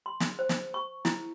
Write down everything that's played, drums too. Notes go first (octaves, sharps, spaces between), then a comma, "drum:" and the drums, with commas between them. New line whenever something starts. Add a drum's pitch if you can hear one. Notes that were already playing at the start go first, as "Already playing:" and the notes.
C6
drum: snare
C5
drum: snare
C#6
E4, drum: snare